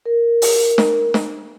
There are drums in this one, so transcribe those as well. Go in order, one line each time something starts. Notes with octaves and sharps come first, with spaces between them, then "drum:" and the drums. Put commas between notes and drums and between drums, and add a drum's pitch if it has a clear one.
A#4
drum: open hi-hat
drum: snare
drum: snare